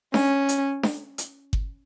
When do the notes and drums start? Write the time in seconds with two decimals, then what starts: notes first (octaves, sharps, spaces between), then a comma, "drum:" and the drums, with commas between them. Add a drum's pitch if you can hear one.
0.14 C#4, drum: snare D4
0.49 drum: hi-hat
0.83 drum: snare D4
1.18 drum: hi-hat
1.53 drum: kick G1